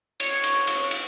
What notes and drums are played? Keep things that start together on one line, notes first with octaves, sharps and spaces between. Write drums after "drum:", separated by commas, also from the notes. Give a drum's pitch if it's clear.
C#5, drum: cymbal
drum: cymbal
drum: cymbal
drum: cymbal